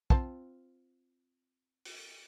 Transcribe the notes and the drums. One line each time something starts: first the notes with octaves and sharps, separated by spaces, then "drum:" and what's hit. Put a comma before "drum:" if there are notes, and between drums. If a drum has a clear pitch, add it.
C4 F4 A5, drum: kick
drum: open hi-hat